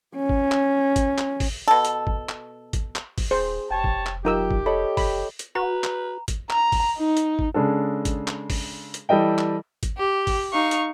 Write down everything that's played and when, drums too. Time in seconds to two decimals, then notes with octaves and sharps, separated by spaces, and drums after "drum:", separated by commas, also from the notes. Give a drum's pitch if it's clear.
0.16 C#4
0.29 drum: kick
0.52 drum: clap
0.96 drum: kick, hi-hat
1.18 drum: clap
1.40 drum: kick, open hi-hat
1.68 B2 A4
1.85 drum: hi-hat
2.07 drum: kick
2.29 drum: clap
2.73 drum: kick, hi-hat
2.95 drum: clap
3.18 drum: kick, open hi-hat
3.31 D#1 G#4 C5
3.71 F1 G4 C#5 G5 A5
3.84 drum: kick
4.06 drum: clap
4.25 F#3 D#4 F4 G4 A#4 E6
4.51 drum: kick
4.66 A4 C#5 D#5 B5
4.97 F#1 B5, drum: kick, open hi-hat
5.39 drum: hi-hat
5.55 F#4 B4 A#5
5.84 drum: clap
6.28 drum: kick, hi-hat
6.50 A#5, drum: clap
6.72 drum: kick, open hi-hat
6.98 D#4
7.17 drum: hi-hat
7.39 drum: kick
7.54 C#3 G#3 D4 A4
8.05 drum: kick, hi-hat
8.27 drum: clap
8.50 drum: kick, open hi-hat
8.94 drum: hi-hat
9.09 E3 G3 A4 D#5 G5
9.38 drum: clap
9.83 drum: kick, hi-hat
9.97 G4
10.27 drum: kick, open hi-hat
10.52 D#4 F5 C#6
10.71 drum: hi-hat